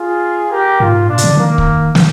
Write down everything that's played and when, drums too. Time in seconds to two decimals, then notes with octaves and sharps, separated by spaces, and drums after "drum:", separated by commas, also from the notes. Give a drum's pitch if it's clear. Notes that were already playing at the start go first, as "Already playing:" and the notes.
Already playing: F4 G#4
0.51 G4 A#4
0.80 G#2 F4
1.09 A#2 D4
1.18 C3, drum: hi-hat
1.24 D3
1.37 D#3 A#3
1.58 drum: kick
1.95 D#3, drum: snare